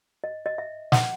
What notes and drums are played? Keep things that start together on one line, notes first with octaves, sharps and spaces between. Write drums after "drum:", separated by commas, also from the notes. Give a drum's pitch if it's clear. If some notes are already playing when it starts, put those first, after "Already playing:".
D#5
D#5
E5
F#5, drum: snare